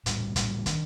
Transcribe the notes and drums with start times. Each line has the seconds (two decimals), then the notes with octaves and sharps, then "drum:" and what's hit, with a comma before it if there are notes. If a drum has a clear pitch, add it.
0.06 A#1 A2 G3, drum: hi-hat
0.36 A#1 A2 G3, drum: kick, hi-hat
0.66 D#3 A#3 D4, drum: kick, hi-hat